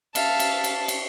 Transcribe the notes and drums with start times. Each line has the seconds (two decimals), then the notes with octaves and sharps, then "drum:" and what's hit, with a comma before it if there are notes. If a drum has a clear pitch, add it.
0.15 E5 F5 A5, drum: cymbal
0.40 drum: cymbal
0.64 drum: cymbal
0.88 drum: cymbal